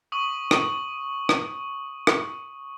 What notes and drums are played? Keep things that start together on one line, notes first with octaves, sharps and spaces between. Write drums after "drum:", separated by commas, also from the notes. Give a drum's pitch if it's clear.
C#6 D#6 D#7 F#7
drum: rim click
drum: rim click
drum: rim click